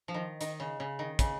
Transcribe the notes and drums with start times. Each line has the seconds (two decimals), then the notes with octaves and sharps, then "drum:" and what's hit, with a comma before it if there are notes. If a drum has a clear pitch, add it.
0.08 F3
0.14 D#3
0.41 D#3, drum: hi-hat
0.60 C#3
0.80 C#3
0.99 D#3
1.19 C#3, drum: kick, hi-hat